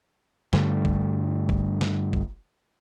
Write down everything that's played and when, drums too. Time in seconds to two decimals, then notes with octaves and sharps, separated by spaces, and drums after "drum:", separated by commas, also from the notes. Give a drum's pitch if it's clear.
0.53 G2 D3 G3 A3, drum: snare
0.85 drum: kick
1.49 drum: kick
1.81 drum: snare
2.13 drum: kick